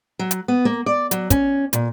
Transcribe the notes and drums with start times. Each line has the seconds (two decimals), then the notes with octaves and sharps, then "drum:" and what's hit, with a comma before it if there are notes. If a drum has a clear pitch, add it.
0.19 F#3
0.31 drum: hi-hat
0.48 B3
0.65 A#3
0.86 D5
1.11 F#3, drum: hi-hat
1.30 C#4, drum: kick, hi-hat
1.73 A#2, drum: hi-hat